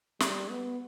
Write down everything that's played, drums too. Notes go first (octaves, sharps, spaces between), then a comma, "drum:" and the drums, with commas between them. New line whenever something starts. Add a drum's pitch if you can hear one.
G3, drum: snare
B3